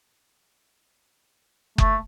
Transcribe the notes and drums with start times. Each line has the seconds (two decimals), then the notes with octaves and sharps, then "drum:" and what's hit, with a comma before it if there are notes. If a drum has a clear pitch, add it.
1.78 A3, drum: kick F#1